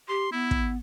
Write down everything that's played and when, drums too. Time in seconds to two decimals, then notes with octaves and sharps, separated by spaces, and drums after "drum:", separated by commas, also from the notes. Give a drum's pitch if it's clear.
0.08 G4 C6
0.32 B3 E4
0.51 drum: kick